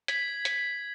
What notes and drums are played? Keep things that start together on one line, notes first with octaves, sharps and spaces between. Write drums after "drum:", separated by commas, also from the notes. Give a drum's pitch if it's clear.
G#6 B6 F#7, drum: hi-hat
drum: hi-hat